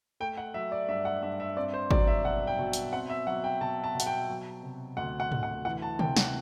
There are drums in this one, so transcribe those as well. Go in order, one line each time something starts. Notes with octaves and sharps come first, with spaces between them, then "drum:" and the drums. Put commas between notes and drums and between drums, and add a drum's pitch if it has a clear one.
A3 G5
F#5
F#3 E5
D5
G2 E5
F#5
G2 E5
E5
C4 D5
C5
F#3 D5, drum: kick G#1
E5
B2 F#5
G5
B2
drum: hi-hat
C4 F#5
E5
F#3 F#5
G5
B2 A5
A5
B2
F#5, drum: hi-hat
G5
F#3
C3
D2 F#5
F#5
D2, drum: tom G#2
F#5
E3 F#5
A5
C3 G5, drum: tom C#3
F#5, drum: snare